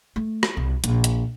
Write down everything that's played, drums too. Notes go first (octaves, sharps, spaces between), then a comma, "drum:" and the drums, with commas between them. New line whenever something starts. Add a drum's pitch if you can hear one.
A3
drum: rim click
C2
A#1, drum: hi-hat
drum: hi-hat